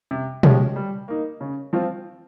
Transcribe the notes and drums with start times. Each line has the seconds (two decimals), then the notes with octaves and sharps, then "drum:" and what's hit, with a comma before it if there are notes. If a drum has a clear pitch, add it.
0.11 C3
0.43 F3 G#3 C#4 G4, drum: tom B2
0.76 G3
1.08 A#3 D#4
1.41 C#3
1.73 F3 C4 F4